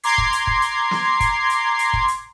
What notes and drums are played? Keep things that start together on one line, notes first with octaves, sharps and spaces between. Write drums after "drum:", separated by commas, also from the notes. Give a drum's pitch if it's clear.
A#5 C6 D6 G#6 C7, drum: hi-hat
drum: kick
drum: hi-hat
drum: kick
drum: hi-hat
drum: snare
drum: kick, hi-hat
drum: hi-hat
drum: hi-hat
drum: kick
drum: hi-hat